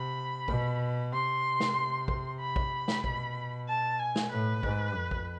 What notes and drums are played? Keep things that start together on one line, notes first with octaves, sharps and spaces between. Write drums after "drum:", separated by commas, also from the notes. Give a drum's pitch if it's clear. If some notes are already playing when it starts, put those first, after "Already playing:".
Already playing: C3 B5
B2, drum: kick A#1
C3 C6
drum: snare
drum: kick A#1
B5
drum: kick A#1
drum: snare
B2, drum: kick A#1
A5
G#5
drum: snare
A2 B4
G#2, drum: kick A#1
F2
drum: kick A#1